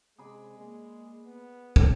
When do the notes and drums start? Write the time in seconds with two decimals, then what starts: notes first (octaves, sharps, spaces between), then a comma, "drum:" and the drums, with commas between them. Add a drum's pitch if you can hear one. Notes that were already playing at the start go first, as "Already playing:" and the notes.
0.18 C3 G#3 G#4 D5 B5
0.58 G#3 A#3
1.24 B3
1.76 drum: kick